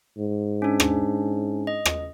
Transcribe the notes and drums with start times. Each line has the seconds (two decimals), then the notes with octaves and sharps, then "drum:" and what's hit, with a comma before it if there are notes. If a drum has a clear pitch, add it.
0.17 G#2
0.62 C#4 D4
0.80 drum: rim click
1.67 D#5
1.85 drum: rim click